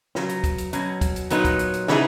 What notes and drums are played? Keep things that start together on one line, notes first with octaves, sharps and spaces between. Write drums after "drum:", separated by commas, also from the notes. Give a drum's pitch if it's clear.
C#3 F#3 B3, drum: snare
drum: hi-hat
drum: kick, hi-hat
drum: hi-hat
B2 F#3 C#4, drum: hi-hat
drum: kick, hi-hat
drum: hi-hat
A#2 F#3 B3 D#4, drum: hi-hat
drum: kick, hi-hat
drum: hi-hat
drum: hi-hat
C#3 E3 B3 D#4 G#4, drum: snare